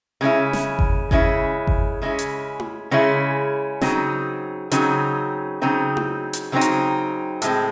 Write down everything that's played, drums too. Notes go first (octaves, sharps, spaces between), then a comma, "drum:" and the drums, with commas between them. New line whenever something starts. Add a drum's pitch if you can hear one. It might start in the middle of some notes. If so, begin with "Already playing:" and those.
C#3 G#3 C#4 E4
drum: snare
drum: kick G1
C#3 G#3 C#4 E4, drum: kick G1
drum: kick G1
C#3 G#3 C#4 E4
drum: hi-hat
drum: tom E4
C#3 G#3 C#4 E4
C#3 F#3 C4 D#4, drum: snare
C#3 F#3 C4 D#4, drum: hi-hat
C#3 F#3 C4 D#4
drum: tom E4
drum: hi-hat
C#3 F#3 C4 D#4
drum: hi-hat
A2 G#3 C4, drum: hi-hat